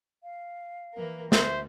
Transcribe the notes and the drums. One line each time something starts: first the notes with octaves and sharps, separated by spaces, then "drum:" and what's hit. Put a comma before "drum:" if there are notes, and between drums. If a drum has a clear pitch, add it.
F5
E3 A#3 A#4
D2 C5 E5, drum: snare